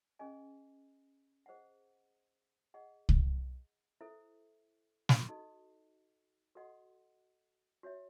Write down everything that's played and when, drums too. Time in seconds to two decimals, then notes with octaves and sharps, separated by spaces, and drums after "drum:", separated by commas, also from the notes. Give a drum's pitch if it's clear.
0.19 C#4 G#4 D#5 G#5
1.46 G#4 C5 D#5 F#5
2.74 G#4 D#5 F#5
3.09 drum: kick C2
4.01 E4 A4 C5 E5
5.09 drum: snare
5.29 D#4 F#4 A4 D#5
6.55 F#4 A4 D#5 F#5 C6
7.83 F#4 C#5 E5